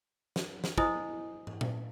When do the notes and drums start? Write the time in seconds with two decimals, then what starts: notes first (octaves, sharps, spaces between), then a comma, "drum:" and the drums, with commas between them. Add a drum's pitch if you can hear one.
0.36 drum: snare
0.64 drum: snare
0.78 E4 C5 D#5 G#5 D#6, drum: kick
1.47 drum: tom
1.61 drum: tom A#2